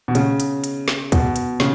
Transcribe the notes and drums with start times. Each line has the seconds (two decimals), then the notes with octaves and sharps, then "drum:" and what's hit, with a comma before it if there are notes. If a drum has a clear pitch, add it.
0.08 B2
0.15 C#3, drum: hi-hat
0.40 drum: hi-hat
0.64 drum: hi-hat
0.88 drum: snare
1.12 B2, drum: kick, hi-hat
1.36 drum: hi-hat
1.60 C#3, drum: snare